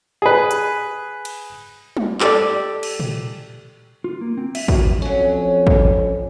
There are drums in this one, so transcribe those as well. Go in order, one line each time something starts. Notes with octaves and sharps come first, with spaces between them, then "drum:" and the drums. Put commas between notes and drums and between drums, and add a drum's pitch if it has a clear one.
G#4 B4
drum: hi-hat
drum: cymbal
drum: tom G3
G4 A4 D5, drum: clap
drum: cymbal
drum: tom A#2
F4
A#3
C4
E5, drum: cymbal
F#4, drum: kick
F2 F#3 C#4
drum: kick